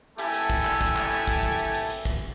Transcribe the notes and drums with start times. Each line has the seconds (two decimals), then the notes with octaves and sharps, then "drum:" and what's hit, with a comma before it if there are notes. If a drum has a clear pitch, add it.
0.18 A3 E4 G4 A4 E5 G#5, drum: hi-hat
0.34 drum: hi-hat
0.50 drum: kick, hi-hat
0.65 drum: clap
0.81 drum: kick, hi-hat
0.96 drum: clap
1.12 drum: hi-hat
1.27 drum: kick, hi-hat
1.43 drum: kick, hi-hat
1.59 drum: hi-hat
1.74 drum: hi-hat
1.90 drum: hi-hat
2.05 drum: kick, hi-hat